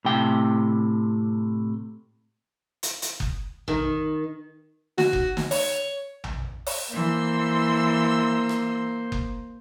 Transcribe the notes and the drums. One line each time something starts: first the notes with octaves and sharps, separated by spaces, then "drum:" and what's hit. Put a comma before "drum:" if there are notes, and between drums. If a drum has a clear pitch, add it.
A2 C3 G5
drum: hi-hat
drum: hi-hat
drum: kick F#1
D#3, drum: tom A#1
F#4, drum: snare
drum: kick F#1
drum: snare
C#5, drum: open hi-hat
drum: tom A#1
drum: open hi-hat
E3 A#3 C5 C6 E6
drum: rim click
drum: kick F#1